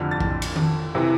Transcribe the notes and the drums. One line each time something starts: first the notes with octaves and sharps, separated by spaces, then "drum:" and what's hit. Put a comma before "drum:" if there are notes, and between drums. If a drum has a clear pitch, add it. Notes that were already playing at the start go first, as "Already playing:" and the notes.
Already playing: F1 F2 D3 F6
A6
drum: kick A1
drum: cymbal
drum: tom D#3
C3 E3